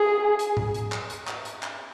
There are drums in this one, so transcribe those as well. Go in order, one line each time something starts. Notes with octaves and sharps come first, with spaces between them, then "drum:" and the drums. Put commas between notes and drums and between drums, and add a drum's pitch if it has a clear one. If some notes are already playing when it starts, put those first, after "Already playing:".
Already playing: G#4
drum: hi-hat
drum: tom G#2
drum: hi-hat
drum: clap
drum: hi-hat
drum: clap
drum: hi-hat
drum: clap